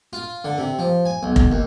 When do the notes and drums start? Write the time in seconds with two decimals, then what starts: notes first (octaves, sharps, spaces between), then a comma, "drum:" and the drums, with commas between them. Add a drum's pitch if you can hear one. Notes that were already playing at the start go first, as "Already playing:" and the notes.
0.13 F4
0.45 D3
0.58 C3
0.79 F3
1.05 G#5
1.23 B1
1.36 drum: kick F1
1.52 D#2